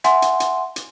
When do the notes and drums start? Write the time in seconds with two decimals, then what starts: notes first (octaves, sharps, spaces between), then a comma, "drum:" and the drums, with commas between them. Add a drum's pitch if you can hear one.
0.04 E5 F#5 G#5 C6, drum: hi-hat
0.22 drum: hi-hat
0.40 drum: hi-hat
0.76 drum: hi-hat